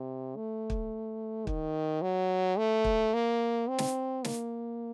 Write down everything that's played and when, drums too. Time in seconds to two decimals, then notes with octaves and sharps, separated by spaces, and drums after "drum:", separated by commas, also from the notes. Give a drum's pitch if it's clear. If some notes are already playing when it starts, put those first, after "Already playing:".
Already playing: C3
0.36 A3
0.70 drum: kick
1.47 D#3, drum: kick
2.02 F#3
2.58 A3
2.84 drum: kick
3.14 A#3
3.69 C4
3.78 drum: snare
4.24 A#3, drum: snare